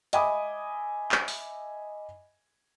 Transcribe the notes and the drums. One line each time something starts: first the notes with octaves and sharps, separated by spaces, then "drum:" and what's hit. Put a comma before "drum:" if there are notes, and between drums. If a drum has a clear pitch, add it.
D#5 E5 G#5 B5 D6 D#6, drum: hi-hat
drum: clap
drum: open hi-hat